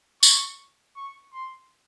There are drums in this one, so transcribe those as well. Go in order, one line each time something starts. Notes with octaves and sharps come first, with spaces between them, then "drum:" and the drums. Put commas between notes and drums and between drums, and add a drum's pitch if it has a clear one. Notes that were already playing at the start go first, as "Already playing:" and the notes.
C#6, drum: tambourine
C#6
C6